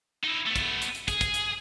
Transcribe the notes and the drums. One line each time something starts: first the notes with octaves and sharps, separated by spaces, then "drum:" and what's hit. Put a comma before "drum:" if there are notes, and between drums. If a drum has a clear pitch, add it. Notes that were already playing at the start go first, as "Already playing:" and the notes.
D#4 E4
A3 B3
drum: kick, hi-hat
drum: hi-hat
drum: hi-hat
G#4, drum: kick, hi-hat
drum: kick, hi-hat
drum: hi-hat